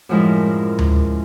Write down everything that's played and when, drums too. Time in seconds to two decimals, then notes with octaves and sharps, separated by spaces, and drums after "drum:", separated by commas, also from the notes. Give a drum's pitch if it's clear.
0.09 F#2 A2 F3 G#3 E4 A#4
0.79 drum: tom D2